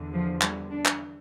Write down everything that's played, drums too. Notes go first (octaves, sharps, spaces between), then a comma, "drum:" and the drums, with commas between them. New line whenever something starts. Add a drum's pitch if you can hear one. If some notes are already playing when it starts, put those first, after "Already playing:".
Already playing: E2 D3
F3
G3, drum: clap
D4
drum: clap